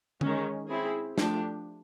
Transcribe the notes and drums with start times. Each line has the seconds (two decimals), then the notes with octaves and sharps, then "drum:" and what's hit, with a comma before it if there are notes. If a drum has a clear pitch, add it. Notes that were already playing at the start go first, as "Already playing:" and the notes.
0.21 D#3 G#3 C#4, drum: tom D3
0.69 C4 E4 G#4
1.18 F3 A3 D4 G4, drum: snare